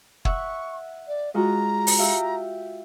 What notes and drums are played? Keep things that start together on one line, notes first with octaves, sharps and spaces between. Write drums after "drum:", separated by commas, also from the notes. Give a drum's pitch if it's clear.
E5 F#5 C#6, drum: kick
D5
G#3 F4 F#4 A#5
drum: open hi-hat
G4 E5 F5